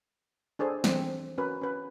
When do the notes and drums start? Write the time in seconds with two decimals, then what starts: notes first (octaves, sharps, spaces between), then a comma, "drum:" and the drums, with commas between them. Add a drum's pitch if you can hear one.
0.59 D4 G#4 A4 C5
0.84 E3 C4, drum: snare
1.38 C#4 F#4 A#4 B4
1.61 C#4 B4